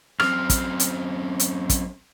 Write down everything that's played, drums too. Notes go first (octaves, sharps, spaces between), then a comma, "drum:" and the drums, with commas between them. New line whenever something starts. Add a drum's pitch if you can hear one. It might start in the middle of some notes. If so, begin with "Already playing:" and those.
F#2 C4 F6, drum: rim click
drum: kick, hi-hat
drum: hi-hat
drum: hi-hat
drum: kick, hi-hat